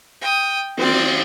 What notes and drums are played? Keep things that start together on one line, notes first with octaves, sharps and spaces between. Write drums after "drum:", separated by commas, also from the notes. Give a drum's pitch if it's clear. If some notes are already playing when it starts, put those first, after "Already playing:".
G5 D#6
C4 D5, drum: cymbal